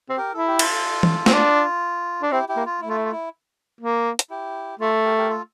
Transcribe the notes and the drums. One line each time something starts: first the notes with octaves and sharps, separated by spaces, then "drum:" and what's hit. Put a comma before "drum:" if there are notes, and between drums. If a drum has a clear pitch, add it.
C4
G4 A#4
E4 A4
G4
F4 A4, drum: cymbal
drum: tom E3
C4, drum: snare
D4 F4
D4
C4 E4 G4
E4 G4
A#3
F4
A3 E4
F4
E4
F4
E4
A#3
drum: hi-hat
E4 G4
A3 F4 A4
G4 A#4
G4 A#4
F4 A4